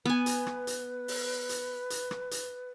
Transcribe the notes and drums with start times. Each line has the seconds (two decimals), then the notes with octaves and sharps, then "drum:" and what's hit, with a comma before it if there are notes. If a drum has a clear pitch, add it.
0.05 B3 B4 G#5
0.26 drum: hi-hat
0.47 drum: rim click
0.67 drum: hi-hat
1.08 drum: open hi-hat
1.49 drum: hi-hat
1.90 drum: hi-hat
2.11 drum: rim click
2.31 drum: hi-hat